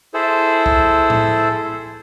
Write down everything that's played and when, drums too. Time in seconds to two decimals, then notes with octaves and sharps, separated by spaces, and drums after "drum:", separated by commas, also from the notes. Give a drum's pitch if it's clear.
0.14 E4 G#4 A4 C5
0.66 drum: kick
1.10 drum: tom A2